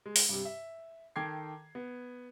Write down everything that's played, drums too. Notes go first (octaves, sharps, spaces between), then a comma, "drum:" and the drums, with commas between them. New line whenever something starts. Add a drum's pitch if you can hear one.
G#3
drum: open hi-hat
G2 C3
E5
D#3 A4 G5 D6 G#6 C7
B3